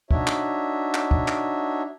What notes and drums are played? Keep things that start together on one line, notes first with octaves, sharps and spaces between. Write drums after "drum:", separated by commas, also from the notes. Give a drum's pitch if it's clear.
D4 D#4 F#4 C#5 E5, drum: kick
drum: clap
drum: clap
drum: kick
drum: clap